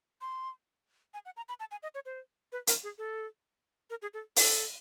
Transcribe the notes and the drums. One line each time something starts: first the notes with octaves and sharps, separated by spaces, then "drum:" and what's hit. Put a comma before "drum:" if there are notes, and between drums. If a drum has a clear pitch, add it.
C6
G#5
F#5
A#5
B5
A5
G#5
D#5
C#5
C5
B4
A#4, drum: hi-hat
G#4
A4
A#4
G#4
A4
A4, drum: open hi-hat